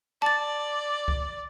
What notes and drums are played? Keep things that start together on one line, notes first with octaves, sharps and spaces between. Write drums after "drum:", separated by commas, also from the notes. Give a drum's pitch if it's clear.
D5 A5 A6
drum: kick C2